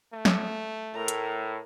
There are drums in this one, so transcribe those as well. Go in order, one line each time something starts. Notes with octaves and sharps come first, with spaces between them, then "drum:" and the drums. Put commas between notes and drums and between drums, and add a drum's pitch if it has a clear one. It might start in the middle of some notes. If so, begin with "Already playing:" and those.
A3
drum: snare
A2 A#4 A#5
drum: hi-hat